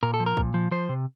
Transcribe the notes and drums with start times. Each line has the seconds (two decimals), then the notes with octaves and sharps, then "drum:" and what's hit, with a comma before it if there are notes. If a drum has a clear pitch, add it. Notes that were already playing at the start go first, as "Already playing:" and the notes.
0.03 A#2 A#4
0.14 A4
0.20 F3
0.26 A#4
0.37 A#2, drum: kick
0.54 F3
0.71 F3 C5
0.89 C3